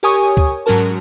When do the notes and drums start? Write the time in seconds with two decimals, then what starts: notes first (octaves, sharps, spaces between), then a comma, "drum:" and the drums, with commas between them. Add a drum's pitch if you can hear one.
0.03 G4 A#4 C#5 G#5 C#6 D#6
0.37 drum: kick C#2
0.66 G#2 F#3 C#4 F#4 A#4 A5